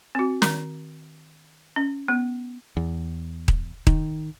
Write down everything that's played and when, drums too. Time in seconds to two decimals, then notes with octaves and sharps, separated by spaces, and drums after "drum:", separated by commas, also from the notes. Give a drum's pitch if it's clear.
0.15 C4 F#4
0.42 D#3, drum: snare
1.76 C#4
2.08 B3
2.77 E2
3.48 drum: kick D#1
3.87 D#3, drum: kick D#1